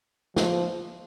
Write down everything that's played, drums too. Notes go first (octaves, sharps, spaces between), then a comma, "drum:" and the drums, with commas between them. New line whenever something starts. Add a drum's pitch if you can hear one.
F3, drum: snare